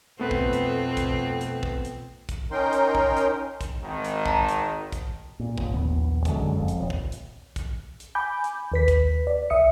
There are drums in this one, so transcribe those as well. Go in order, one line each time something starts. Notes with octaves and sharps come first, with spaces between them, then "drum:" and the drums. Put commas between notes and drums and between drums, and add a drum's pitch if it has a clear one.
F2 B2 A3 B3 C4 B4
drum: kick
drum: hi-hat
drum: kick, hi-hat
drum: hi-hat
drum: kick
drum: hi-hat
drum: kick, hi-hat
C#4 D#4 A#4 G5 C6
drum: hi-hat
drum: kick
drum: hi-hat
drum: kick, hi-hat
G#1 D#3
drum: hi-hat
A5 A#5, drum: kick
drum: hi-hat
drum: kick, hi-hat
A#2
G1, drum: kick
A#1 D#2 B3
F#2 D3 G#3, drum: kick, hi-hat
F1 F2
drum: hi-hat
D#1
drum: kick
drum: hi-hat
drum: kick, hi-hat
drum: hi-hat
G#5 B5 D6 G6
drum: hi-hat
D#2 B4 B6
drum: kick, hi-hat
D5
C2 E5 D#6 C#7